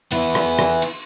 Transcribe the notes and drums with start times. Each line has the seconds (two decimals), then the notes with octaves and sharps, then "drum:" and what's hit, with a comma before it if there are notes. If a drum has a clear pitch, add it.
0.12 B3 E4, drum: cymbal
0.35 drum: rim click
0.59 drum: rim click
0.82 drum: cymbal